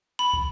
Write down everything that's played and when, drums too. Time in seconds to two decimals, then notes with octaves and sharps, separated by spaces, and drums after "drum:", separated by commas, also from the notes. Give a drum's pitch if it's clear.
0.19 B5
0.33 drum: kick